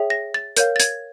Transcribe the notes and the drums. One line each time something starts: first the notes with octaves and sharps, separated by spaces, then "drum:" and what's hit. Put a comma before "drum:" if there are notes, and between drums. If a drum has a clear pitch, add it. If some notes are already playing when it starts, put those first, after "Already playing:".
Already playing: G#4 C#5 E5 G5
A#6
A6
A#4 C#5 F5 G6, drum: hi-hat
A6
G#6, drum: hi-hat